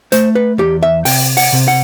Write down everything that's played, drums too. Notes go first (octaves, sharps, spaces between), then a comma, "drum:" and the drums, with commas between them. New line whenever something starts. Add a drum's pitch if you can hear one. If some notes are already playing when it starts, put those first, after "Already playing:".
A3 C5, drum: hi-hat
B4
E2 G4
E5
C3 G5, drum: open hi-hat
F#5, drum: open hi-hat
C3
F#5